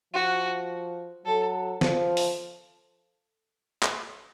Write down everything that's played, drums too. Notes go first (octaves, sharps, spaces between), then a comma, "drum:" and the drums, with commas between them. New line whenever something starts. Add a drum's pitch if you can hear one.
F3 F#4
F#3 A4
F3, drum: snare
drum: open hi-hat
drum: clap